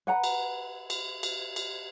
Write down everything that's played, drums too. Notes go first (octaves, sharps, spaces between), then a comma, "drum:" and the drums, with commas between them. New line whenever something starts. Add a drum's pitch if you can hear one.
B4 F#5 A#5
drum: cymbal
drum: cymbal
drum: cymbal
drum: cymbal